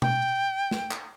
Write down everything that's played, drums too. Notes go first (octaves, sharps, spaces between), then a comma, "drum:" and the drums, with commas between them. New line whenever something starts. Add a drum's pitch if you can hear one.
G5, drum: tom B2
drum: snare
drum: clap